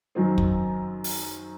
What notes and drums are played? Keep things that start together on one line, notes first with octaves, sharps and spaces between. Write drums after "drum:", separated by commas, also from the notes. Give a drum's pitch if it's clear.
F#2 D#3 F#3 C4 D#4
drum: kick
drum: open hi-hat